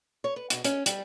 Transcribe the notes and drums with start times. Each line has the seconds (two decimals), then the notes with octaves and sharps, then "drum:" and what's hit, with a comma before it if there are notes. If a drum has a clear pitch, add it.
0.24 C#5
0.36 B4
0.50 B2, drum: hi-hat
0.64 C#4, drum: hi-hat
0.86 G3, drum: hi-hat